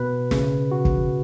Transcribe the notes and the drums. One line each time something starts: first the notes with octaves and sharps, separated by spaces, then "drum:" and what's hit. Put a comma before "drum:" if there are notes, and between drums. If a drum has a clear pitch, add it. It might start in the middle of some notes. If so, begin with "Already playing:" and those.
Already playing: B2 B4
C#3, drum: snare
F#4
drum: kick